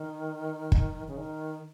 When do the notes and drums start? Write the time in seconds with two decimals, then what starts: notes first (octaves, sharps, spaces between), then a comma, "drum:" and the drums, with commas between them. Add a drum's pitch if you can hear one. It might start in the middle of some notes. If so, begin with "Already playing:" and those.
Already playing: D#3
0.72 drum: kick
1.08 C#3
1.17 D#3